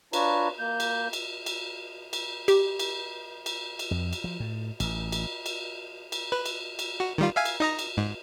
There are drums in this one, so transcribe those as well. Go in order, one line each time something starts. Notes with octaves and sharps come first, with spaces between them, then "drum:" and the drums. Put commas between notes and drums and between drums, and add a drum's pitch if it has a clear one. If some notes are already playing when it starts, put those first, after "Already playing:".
D4 F4 B4 C#5 A#5, drum: cymbal
A#3 G6
drum: cymbal
drum: cymbal
drum: cymbal
drum: cymbal
G4, drum: cymbal
drum: cymbal
drum: cymbal
drum: cymbal
F2
drum: cymbal
F3
A2
A1, drum: cymbal
drum: cymbal
drum: cymbal
drum: cymbal
B4
drum: cymbal
drum: cymbal
F#4
D#3 G3 F4
E5 F5 G#5
drum: cymbal
D#4 D#5 A#5
drum: cymbal
G#2